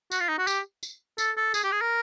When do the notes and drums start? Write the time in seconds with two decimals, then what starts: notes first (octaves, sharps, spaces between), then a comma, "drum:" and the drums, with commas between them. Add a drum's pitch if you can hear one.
0.12 F#4, drum: tambourine
0.20 F4
0.29 D#4
0.38 F#4
0.47 G4, drum: tambourine
0.83 drum: tambourine
1.18 A4, drum: tambourine
1.37 A4
1.54 G#4, drum: tambourine
1.64 G4
1.72 G#4
1.81 A#4